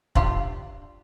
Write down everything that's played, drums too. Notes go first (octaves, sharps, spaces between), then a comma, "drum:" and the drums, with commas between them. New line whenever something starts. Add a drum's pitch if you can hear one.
D4 F4 G4, drum: kick